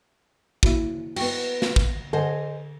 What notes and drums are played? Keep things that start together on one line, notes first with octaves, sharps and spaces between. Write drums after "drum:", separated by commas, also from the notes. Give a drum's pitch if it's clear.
A#3 E4 F#4, drum: kick
B3 F#4 G5 C#6, drum: cymbal
drum: snare
drum: kick
D3 G#4 C5 D#5 F#5 G#5